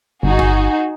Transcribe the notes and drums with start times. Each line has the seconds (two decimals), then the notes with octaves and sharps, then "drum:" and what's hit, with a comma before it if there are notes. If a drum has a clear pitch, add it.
0.23 G1 D#4 F#4 G#4
0.39 drum: kick G#1